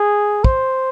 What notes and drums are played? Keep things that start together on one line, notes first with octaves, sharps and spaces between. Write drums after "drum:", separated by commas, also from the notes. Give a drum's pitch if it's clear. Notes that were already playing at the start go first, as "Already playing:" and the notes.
Already playing: G#4
C5, drum: kick